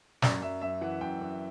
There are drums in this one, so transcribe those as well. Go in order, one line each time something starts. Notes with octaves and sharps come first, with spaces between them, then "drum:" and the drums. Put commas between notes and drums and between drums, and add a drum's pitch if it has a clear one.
F#2 D5, drum: snare
F#2 E5
F#2 E5
E3 F#5
F#2 G5
F#2